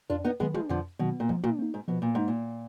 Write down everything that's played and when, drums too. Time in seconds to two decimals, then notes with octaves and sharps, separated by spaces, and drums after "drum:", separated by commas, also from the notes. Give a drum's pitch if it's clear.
0.10 F2 D4 F4
0.25 B3 D#4
0.40 D#3 F#3 G#3 B3, drum: kick
0.54 F3 G#3, drum: tom
0.69 F2 D3 F3
0.99 B2 D#3 F#3
1.20 A#2
1.29 G#2 F3, drum: kick
1.44 A#2, drum: tom
1.59 A#3 D#4
1.74 G#2
1.88 B2 F3
2.02 A#2
2.15 G#2 A#3 D#4
2.28 A#2